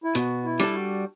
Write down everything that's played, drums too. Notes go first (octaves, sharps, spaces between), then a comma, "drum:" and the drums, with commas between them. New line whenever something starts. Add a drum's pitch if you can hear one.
E4
B2 F#4, drum: hi-hat
E4
G3 D4 A4, drum: hi-hat
F#4